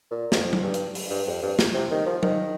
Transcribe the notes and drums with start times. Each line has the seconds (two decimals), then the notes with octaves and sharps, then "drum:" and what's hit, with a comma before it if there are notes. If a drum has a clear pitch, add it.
0.11 A#2
0.32 F2, drum: snare
0.53 drum: tom F#3
0.63 G2
0.74 drum: hi-hat
0.95 drum: open hi-hat
1.10 G2
1.27 F2
1.42 G2
1.59 drum: snare
1.74 C3
1.91 D#3
2.06 F3
2.23 D#3, drum: tom F#3